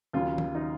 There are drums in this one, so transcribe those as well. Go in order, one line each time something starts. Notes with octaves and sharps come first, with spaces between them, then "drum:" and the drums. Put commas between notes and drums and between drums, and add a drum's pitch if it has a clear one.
D#2 C#3 F#3 F4
drum: tom D#3
D#4